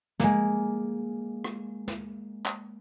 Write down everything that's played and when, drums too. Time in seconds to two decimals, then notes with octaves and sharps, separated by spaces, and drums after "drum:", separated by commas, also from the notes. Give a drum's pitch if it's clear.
0.20 G#3 A#3, drum: snare
1.44 drum: rim click
1.88 drum: snare
2.46 drum: clap